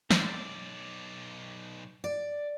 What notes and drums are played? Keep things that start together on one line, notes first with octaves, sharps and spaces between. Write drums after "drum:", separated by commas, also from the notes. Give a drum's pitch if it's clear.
B1 D5, drum: snare
D5